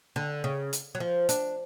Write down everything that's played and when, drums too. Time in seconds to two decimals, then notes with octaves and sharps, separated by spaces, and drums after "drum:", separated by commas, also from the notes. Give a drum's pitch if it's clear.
0.16 D3
0.44 C#3
0.73 drum: hi-hat
0.95 F#3
1.00 F3
1.29 D4, drum: hi-hat